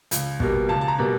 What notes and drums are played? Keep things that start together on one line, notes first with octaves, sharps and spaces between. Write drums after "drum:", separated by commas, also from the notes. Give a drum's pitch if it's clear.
C#2, drum: hi-hat
B2 G3 A#3, drum: kick
C#2 A5
A5
A#5
B2 G3 A#3